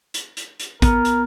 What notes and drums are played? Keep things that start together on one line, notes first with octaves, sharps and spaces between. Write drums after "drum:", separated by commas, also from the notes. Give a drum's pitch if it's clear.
drum: hi-hat
drum: hi-hat
drum: hi-hat
B3 A#4, drum: kick, hi-hat
drum: hi-hat